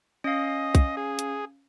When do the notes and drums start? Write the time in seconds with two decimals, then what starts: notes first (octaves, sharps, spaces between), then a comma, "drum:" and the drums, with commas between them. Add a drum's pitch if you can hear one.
0.24 C#4 D#5 F5
0.75 drum: kick B1, hi-hat
0.97 G#4
1.19 drum: hi-hat